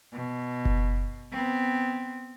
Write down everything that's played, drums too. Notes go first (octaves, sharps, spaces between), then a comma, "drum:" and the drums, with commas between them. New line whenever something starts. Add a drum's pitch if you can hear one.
B2
drum: kick F#1
B3 C4